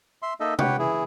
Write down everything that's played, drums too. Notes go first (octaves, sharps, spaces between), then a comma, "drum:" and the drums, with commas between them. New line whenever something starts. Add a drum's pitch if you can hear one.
E5 C6
A#3 D#4 A4 D#5 E5
G4 B4 C#5 F#5 G5, drum: tom
E3 E4 G#4